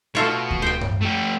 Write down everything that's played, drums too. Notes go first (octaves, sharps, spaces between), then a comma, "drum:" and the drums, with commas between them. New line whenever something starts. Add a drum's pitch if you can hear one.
B2 A3 F4 C#5
drum: kick D2
C5 G5
drum: tom G2
A3 G4